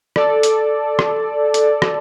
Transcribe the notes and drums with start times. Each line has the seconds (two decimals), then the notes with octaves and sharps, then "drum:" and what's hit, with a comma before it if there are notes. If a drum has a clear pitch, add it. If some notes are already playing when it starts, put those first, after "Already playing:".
0.16 A4 D5, drum: rim click
0.43 drum: hi-hat
0.99 drum: rim click
1.54 drum: hi-hat
1.82 drum: rim click